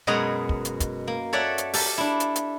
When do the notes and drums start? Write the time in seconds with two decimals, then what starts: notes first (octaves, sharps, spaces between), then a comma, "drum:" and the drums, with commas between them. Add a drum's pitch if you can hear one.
0.07 F#2 B2 G#3 D#5 F#5 A#5
0.49 drum: kick
0.65 drum: hi-hat
0.80 drum: kick, hi-hat
1.07 A#3
1.33 A4 C#5 D5 E5 F#5
1.58 drum: hi-hat
1.73 G4 A4, drum: open hi-hat
1.98 D4 E4
2.20 drum: hi-hat
2.36 drum: hi-hat